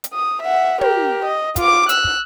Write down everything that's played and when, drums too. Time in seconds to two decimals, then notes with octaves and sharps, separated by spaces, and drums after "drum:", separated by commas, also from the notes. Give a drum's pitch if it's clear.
0.04 drum: hi-hat
0.14 D#6
0.42 E5 F#5
0.81 G4 A#4, drum: tom
1.24 D#5
1.56 F4 D6, drum: kick, hi-hat
1.89 E6 F#6, drum: hi-hat
2.04 drum: kick